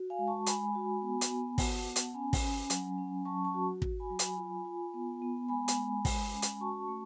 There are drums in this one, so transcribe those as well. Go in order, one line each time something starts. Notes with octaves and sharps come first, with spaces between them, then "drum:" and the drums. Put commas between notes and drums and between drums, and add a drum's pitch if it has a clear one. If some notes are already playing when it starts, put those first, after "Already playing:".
Already playing: F#4
F5 G#5
G#3
A5 C#6
G#3 G#5 B5, drum: hi-hat
F#4
B3
drum: hi-hat
B3
F#4 F#5 A5, drum: kick, open hi-hat
B3
drum: hi-hat
C#4 G#5 B5
drum: kick, open hi-hat
C#4
F#3, drum: hi-hat
C#4
F#3 A5 C#6
A5 C#6
F#4
F#4, drum: kick
G#5 B5
F#3
G#5 B5, drum: hi-hat
F4
F4
B3
B3
G#3 G#5 B5
drum: hi-hat
G#3
G#3, drum: kick, open hi-hat
C#4
drum: hi-hat
F#4 A5 C#6
A3